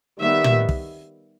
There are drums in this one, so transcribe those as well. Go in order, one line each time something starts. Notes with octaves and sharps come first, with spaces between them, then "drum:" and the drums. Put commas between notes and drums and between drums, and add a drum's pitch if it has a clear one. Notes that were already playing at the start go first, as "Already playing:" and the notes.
D#3 G3 B3 E5
drum: tom
drum: kick